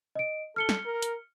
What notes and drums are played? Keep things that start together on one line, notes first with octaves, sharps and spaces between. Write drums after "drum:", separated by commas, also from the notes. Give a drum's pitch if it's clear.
D#5 D7
A4 F6 C#7 G7
drum: snare
A#4
drum: hi-hat